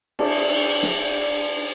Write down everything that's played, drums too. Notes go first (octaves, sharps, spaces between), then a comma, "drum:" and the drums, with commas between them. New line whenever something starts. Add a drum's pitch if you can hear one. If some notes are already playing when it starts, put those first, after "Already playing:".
D4 G#4 E5, drum: cymbal
drum: snare